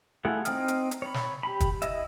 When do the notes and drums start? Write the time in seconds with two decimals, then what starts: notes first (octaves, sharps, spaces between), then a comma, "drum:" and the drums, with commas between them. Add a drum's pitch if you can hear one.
0.25 A3 E4 F4 G#4 F#5
0.45 C4 D#4 G5 D#6 F6, drum: hi-hat
0.68 drum: hi-hat
0.91 drum: hi-hat
1.02 C#5 B5
1.14 drum: snare
1.43 G4 B5
1.60 drum: kick, hi-hat
1.82 E4 D#5 E5, drum: hi-hat